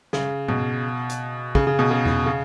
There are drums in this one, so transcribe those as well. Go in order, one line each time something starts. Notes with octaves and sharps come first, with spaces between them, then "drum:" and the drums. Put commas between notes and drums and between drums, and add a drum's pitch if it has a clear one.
C#3, drum: snare
B2, drum: tom G#2
drum: hi-hat
C#3, drum: kick
C#3
B2
C#3
drum: tom E2
C#3